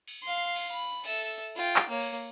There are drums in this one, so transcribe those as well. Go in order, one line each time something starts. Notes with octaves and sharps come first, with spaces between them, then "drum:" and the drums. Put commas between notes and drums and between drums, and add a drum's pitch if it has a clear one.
drum: cymbal
F5 C6
drum: cymbal
B5
A4 E5, drum: cymbal
F4 G5
drum: clap
A#3 C#5
drum: cymbal